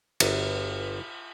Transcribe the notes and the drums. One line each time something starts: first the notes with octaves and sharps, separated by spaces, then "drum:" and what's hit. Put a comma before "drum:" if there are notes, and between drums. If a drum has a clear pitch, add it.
G1 F#4 A#4 D5, drum: cymbal